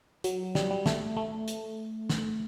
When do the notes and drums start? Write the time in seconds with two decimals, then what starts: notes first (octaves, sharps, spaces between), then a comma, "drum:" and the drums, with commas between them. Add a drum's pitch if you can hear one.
0.24 F#3, drum: hi-hat
0.55 G3, drum: snare
0.71 G3
0.86 A3, drum: snare
1.17 A3
1.48 drum: hi-hat
2.09 drum: snare